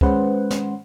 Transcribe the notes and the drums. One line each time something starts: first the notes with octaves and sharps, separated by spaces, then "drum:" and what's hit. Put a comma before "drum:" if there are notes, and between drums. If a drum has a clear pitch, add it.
G#3 C#4 B4 C5 F#5, drum: kick
drum: snare